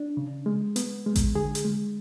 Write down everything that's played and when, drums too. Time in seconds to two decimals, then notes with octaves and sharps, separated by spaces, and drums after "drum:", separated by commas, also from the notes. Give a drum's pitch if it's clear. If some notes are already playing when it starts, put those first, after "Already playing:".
Already playing: D4
0.17 C#3
0.46 G#3
0.76 B3, drum: hi-hat
1.06 G#3
1.16 drum: kick A1, hi-hat
1.35 D3 G#4
1.55 drum: hi-hat
1.65 G#3